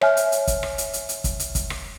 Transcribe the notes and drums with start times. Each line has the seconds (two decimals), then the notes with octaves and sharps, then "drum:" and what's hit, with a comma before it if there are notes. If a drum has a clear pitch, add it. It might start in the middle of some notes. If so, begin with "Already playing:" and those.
0.01 C#5 E5 G#5 F6, drum: rim click
0.17 drum: hi-hat
0.32 drum: hi-hat
0.47 drum: kick, hi-hat
0.63 drum: rim click
0.78 drum: hi-hat
0.93 drum: hi-hat
1.09 drum: hi-hat
1.24 drum: kick, hi-hat
1.40 drum: hi-hat
1.55 drum: kick, hi-hat
1.70 drum: rim click